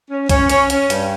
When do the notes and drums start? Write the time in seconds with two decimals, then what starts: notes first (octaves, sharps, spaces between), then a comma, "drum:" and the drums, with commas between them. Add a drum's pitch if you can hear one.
0.09 C#4
0.29 C#4, drum: kick, hi-hat
0.50 C#4, drum: hi-hat
0.70 C#4, drum: hi-hat
0.90 G2, drum: hi-hat